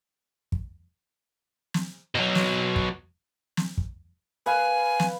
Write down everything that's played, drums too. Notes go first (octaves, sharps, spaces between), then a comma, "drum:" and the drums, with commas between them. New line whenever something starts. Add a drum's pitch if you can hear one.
drum: kick
drum: snare
B2 F#3
drum: snare
drum: kick
drum: snare
drum: kick
B4 F5 G#5
drum: snare